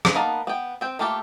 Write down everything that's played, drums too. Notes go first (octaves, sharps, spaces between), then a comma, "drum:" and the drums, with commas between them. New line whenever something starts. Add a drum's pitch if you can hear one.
drum: rim click
A#3 B3 D#4 A#4 A5
B3 G5
C4 G5
A3 A#3 F4 G4 A4